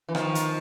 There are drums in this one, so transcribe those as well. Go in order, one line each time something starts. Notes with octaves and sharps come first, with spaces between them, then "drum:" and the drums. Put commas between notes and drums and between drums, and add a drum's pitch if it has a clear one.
E3
D#3 F3, drum: rim click
drum: hi-hat